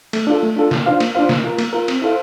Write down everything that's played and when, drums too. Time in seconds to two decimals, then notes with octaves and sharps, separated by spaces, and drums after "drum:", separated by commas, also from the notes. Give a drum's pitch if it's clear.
0.13 A3, drum: cymbal
0.27 D4 F4 A4
0.43 A3
0.56 D4 F4 A4
0.71 A#3, drum: snare
0.86 D4 F4 C5 F5
1.00 A#3, drum: cymbal
1.15 D4 F4 C5 F5
1.29 A#3, drum: snare
1.44 F4 A#4
1.59 A#3, drum: cymbal
1.73 F4 A#4
1.88 C4, drum: cymbal
2.02 E4 A4 C5 F5